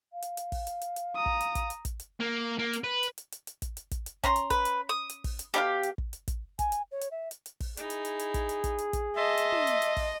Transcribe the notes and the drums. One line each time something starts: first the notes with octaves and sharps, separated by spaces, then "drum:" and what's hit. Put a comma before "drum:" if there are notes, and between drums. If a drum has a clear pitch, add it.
F5
drum: hi-hat
drum: hi-hat
drum: kick, open hi-hat
drum: hi-hat
drum: hi-hat
drum: hi-hat
A#5 D#6
drum: kick
drum: hi-hat
drum: kick, hi-hat
drum: hi-hat
drum: kick, hi-hat
drum: hi-hat
A#3
A#3
drum: hi-hat
B4
drum: hi-hat
drum: hi-hat
drum: hi-hat
drum: hi-hat
drum: kick, hi-hat
drum: hi-hat
drum: kick, hi-hat
drum: hi-hat
C#4 A#5 C6, drum: kick, hi-hat
drum: hi-hat
B4, drum: kick, hi-hat
drum: hi-hat
D#6
drum: hi-hat
drum: kick, open hi-hat
drum: hi-hat
B2 D#4 G4 F5, drum: hi-hat
drum: hi-hat
drum: kick
drum: hi-hat
drum: kick, hi-hat
G#5, drum: kick, hi-hat
drum: hi-hat
C#5
drum: hi-hat
E5
drum: hi-hat
drum: hi-hat
drum: kick, open hi-hat
D#4 E4 G#4, drum: hi-hat
drum: hi-hat
drum: hi-hat
drum: hi-hat
drum: kick, hi-hat
drum: hi-hat
drum: kick, hi-hat
drum: hi-hat
drum: kick, hi-hat
D#5 E5 A5 C6
drum: hi-hat
drum: tom
drum: hi-hat
drum: hi-hat
drum: kick, open hi-hat